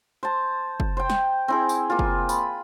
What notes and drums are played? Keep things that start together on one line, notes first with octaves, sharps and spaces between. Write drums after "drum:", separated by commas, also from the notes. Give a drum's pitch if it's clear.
C5 A5
drum: kick
C5 G5
drum: snare
C4 E4 G#4
drum: tambourine
A#3 F4
drum: kick
B5, drum: tambourine